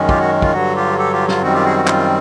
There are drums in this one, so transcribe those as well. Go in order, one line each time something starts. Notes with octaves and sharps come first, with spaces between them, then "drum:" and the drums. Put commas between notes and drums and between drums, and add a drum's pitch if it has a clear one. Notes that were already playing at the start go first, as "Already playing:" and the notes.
Already playing: F#2 D#3 G#3 C#4
F4 G4, drum: kick
F#4
F4, drum: kick
G2 D3 F#3 F#4
F4 G4
G4 A4
F4 G4
F4, drum: snare
F#2 D#3 G3 C4 F#4
F4 G4
F#4 G#4
F#4
F4, drum: clap